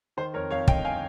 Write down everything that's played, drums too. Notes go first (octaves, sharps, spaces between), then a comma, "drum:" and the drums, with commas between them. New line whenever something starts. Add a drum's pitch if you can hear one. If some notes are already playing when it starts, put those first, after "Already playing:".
D#3 C5
F2 A#4 C#5
F2 C#5 F5
G1 D#5 G5, drum: kick
F5 G#5